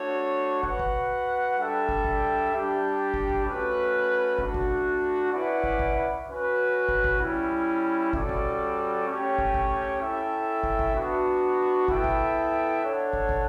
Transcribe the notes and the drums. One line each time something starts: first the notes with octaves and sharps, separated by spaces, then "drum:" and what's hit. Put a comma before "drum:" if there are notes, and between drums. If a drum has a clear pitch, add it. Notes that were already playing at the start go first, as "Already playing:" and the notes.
Already playing: A3 D4 F#4 C#5
F#4 B4 F#5, drum: kick
drum: kick
G3 D4 A4 E5 G5
drum: kick
drum: kick
G3 D4 G4 D5
drum: kick
drum: kick
A3 C#4 F#4 B4
A3 D4 F#4, drum: kick
drum: kick
C#4 E4 B4 D5 F#5
drum: kick
drum: kick
C#4 F#4 B4
drum: kick
drum: kick
G3 C#4 E4
G3 C#4 F#4 A4 D5, drum: kick
drum: kick
A3 C#4 G4 C#5 G5
drum: kick
drum: kick
C#4 E4 A4 E5 G5
drum: kick
drum: kick
B3 D4 F#4
B3 E4 A4 E5 G5, drum: kick
drum: kick
D4 A4 C#5 F#5
drum: kick
drum: kick